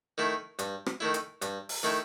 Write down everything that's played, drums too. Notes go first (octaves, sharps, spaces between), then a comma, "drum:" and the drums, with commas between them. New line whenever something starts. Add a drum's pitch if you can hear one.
D#3 A3 E4
G2, drum: hi-hat
drum: rim click
D#3 A3 E4
drum: hi-hat
G2, drum: hi-hat
drum: open hi-hat
D#3 A3 E4